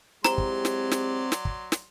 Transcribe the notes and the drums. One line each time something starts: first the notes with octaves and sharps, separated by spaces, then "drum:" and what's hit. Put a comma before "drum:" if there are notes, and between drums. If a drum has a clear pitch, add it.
F#3 G#3 C4 E4 G4 D5 A#5 C6, drum: snare
drum: kick
drum: snare
drum: snare
drum: snare
drum: kick
drum: snare